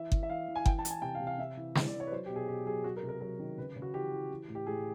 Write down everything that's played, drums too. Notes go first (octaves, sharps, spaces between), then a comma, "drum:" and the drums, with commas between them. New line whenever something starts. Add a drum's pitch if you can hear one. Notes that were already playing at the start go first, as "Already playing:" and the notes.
Already playing: E3 E5
E3, drum: kick G1
E5
E3 F5
E3
G#5
E3 G5, drum: kick G1
A5
E3, drum: hi-hat
G#5
C3 G5
F5
C3
F5
C3 E5
E3
E3, drum: snare
D5
E3
C#5
B4
F#3 C5
B2 G4
G#4
B2 G4
F#3 G#4
F#3 F#4
A#4
C3
A#4
F#3 A#4
D#3
C#3 B4
C#3
F#4
E3 G4
E3
E3
A2
G4
A2 G#4